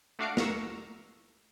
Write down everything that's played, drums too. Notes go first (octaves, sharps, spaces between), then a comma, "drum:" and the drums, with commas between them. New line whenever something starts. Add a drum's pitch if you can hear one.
A3 D4 F#4 F5 C7 D7
F5 A#5 C#6 E6, drum: snare